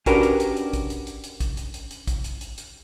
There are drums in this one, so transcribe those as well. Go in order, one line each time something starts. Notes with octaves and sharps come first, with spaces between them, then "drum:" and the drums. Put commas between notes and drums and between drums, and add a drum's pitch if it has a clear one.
C#4 D4 F#4 G4 A#4 B4, drum: kick, hi-hat
drum: hi-hat
drum: hi-hat
drum: hi-hat
drum: kick, hi-hat
drum: hi-hat
drum: hi-hat
drum: hi-hat
drum: kick, hi-hat
drum: hi-hat
drum: hi-hat
drum: hi-hat
drum: kick, hi-hat
drum: hi-hat
drum: hi-hat
drum: hi-hat